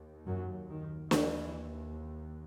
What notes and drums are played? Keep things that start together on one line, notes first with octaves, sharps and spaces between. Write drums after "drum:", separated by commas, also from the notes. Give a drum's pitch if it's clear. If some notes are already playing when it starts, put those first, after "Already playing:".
Already playing: D#2
F#2 F#3
D#3
D#2 E3, drum: snare